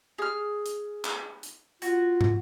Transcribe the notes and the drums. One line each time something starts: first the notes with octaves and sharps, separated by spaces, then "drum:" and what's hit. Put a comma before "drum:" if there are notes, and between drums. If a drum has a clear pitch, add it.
G#4 F6
drum: hi-hat
drum: clap
drum: hi-hat
F4 F#4, drum: hi-hat
drum: tom